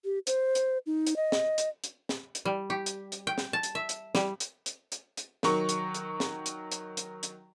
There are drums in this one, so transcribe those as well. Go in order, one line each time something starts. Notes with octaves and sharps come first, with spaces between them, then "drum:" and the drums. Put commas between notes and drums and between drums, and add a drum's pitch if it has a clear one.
G4
C5, drum: hi-hat
drum: hi-hat
D#4
drum: hi-hat
D#5
drum: snare
drum: hi-hat
drum: hi-hat
drum: snare
drum: hi-hat
G3
G4
drum: hi-hat
drum: hi-hat
G5
drum: snare
A5
drum: hi-hat
E5
drum: hi-hat
G3, drum: snare
drum: hi-hat
drum: hi-hat
drum: hi-hat
drum: hi-hat
D#3 F#3 C#6, drum: snare
drum: hi-hat
drum: hi-hat
drum: snare
drum: hi-hat
drum: hi-hat
drum: hi-hat
drum: hi-hat